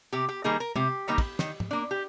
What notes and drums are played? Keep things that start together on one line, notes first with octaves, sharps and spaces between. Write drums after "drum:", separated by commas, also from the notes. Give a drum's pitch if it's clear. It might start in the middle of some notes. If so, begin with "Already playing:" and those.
C3 G4
G4
D#3 G3 A#3 D#4 G#4
A#4
C3 G4, drum: tom
D#3 G3 A#3 D#4
drum: kick, cymbal
D#3, drum: snare
drum: tom
A#3 D4
G4